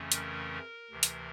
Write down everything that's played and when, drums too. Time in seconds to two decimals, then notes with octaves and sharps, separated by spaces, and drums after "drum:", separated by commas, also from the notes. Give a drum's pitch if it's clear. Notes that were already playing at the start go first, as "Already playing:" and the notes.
Already playing: F2 C#3 E3 A3 C#4
0.12 A#4, drum: hi-hat
0.90 D2 C3 E3
1.03 drum: hi-hat